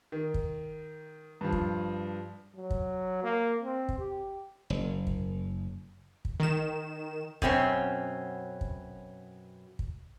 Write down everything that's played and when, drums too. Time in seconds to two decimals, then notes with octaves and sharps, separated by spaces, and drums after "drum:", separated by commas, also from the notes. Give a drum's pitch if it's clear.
0.12 D#3
0.34 drum: kick
1.41 G2 F3
1.52 drum: kick
2.56 F#3
2.70 drum: kick
3.23 A#3
3.62 C4
3.89 drum: kick
3.99 G4
4.70 F#1
5.07 drum: kick
6.25 drum: kick
6.40 D#3 E7
7.42 F#2 B2 C4 C#4, drum: kick
8.61 drum: kick
9.79 drum: kick